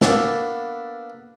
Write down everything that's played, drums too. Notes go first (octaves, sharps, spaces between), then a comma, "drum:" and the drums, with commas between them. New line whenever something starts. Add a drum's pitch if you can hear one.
A#3 B3 D4 A4, drum: snare